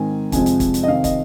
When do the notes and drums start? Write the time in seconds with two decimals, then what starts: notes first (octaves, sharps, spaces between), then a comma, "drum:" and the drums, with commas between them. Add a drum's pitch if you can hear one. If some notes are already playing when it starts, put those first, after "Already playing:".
Already playing: G#2 D#3 C4 G#5
0.32 F2 C3 F3 G#3 C4 G#5, drum: kick, hi-hat
0.46 drum: hi-hat
0.60 drum: kick, hi-hat
0.74 drum: hi-hat
0.83 D#5
0.88 C3 D#3 C4 F5
1.04 D#5, drum: kick, hi-hat